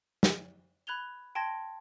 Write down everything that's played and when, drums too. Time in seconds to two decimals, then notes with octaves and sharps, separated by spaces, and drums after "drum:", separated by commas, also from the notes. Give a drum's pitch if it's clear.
0.23 drum: snare
0.87 B5 F#6 G#6 F7 G7
1.35 G5 A5 C6 G#6 A#6